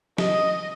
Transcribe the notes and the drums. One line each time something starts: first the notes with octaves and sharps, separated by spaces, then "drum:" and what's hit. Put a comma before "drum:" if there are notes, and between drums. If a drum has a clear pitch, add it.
D#5, drum: snare